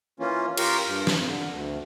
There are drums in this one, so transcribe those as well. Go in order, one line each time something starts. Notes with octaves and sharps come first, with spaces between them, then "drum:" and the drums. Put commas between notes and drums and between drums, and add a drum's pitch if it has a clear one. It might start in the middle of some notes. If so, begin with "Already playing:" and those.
E3 A#3 C#4 F4
F4 G4 A#4 C6 C#6, drum: cymbal
G2
drum: snare
D3
D2